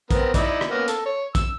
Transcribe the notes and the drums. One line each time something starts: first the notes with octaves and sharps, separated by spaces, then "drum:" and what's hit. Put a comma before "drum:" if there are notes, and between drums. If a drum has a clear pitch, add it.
B3 C4 A#4, drum: kick, hi-hat
D#4 E4 D5, drum: kick, hi-hat
drum: rim click
A#3 B3 C#4
A4, drum: hi-hat
C#5
E6, drum: kick, hi-hat